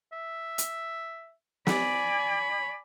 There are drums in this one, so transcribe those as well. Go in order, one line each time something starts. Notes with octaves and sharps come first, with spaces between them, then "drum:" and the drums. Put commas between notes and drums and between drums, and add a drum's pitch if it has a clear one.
E5
drum: hi-hat
D5 G#5 B5, drum: snare